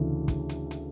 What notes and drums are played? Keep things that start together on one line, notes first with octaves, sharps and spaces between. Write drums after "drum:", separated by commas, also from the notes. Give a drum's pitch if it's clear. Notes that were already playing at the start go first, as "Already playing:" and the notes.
Already playing: D2 C#3 E3
drum: kick, hi-hat
drum: hi-hat
drum: hi-hat